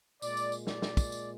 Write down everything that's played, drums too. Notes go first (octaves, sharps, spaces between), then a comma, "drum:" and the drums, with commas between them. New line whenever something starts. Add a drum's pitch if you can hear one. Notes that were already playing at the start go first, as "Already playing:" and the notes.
A#2 G#3 D5, drum: tambourine
drum: tambourine
drum: tambourine
D5, drum: snare
drum: snare
drum: kick, tambourine
drum: tambourine